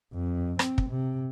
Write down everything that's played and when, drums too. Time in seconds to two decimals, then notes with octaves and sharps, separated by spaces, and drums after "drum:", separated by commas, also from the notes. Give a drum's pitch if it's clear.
0.13 F2
0.59 C4, drum: rim click
0.78 drum: kick
0.90 C3